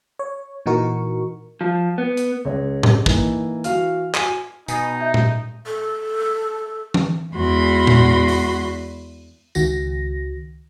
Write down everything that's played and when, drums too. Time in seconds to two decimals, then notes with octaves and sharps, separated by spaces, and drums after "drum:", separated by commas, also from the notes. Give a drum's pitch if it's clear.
0.19 C#5
0.66 A#2 E3 D#4 F#4 A#4 C#6
1.61 F3
1.98 B3
2.17 drum: hi-hat
2.45 C#2 C#5
2.83 drum: tom A2
3.06 E3 A#3 D#4, drum: kick
3.64 E3 F#4 F5 F6, drum: hi-hat
4.14 F#4 G#5, drum: clap
4.68 B2 D#4 G#5 D#6, drum: hi-hat
5.00 E5 G6
5.14 drum: tom A#2
5.67 A4
6.94 drum: tom E3
7.35 E2 G#3 F#4 B5 C6
7.87 drum: tom A#2
8.28 drum: open hi-hat
9.55 C#2 D#3 F#4 A#6, drum: tambourine